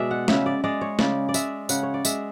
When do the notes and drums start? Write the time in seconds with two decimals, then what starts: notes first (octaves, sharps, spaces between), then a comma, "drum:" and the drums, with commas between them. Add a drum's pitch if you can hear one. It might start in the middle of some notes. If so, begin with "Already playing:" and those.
Already playing: B2 G#3 D5 E5
0.11 F#5
0.28 C#3 E5, drum: snare
0.46 D5
0.64 G#3 D5
0.81 C#5
0.99 C#3 D5, drum: snare
1.29 D5
1.34 G#3 E5, drum: tambourine
1.69 C#3 F#5, drum: tambourine
1.83 C#5
1.94 D5
2.05 G#3 E5, drum: tambourine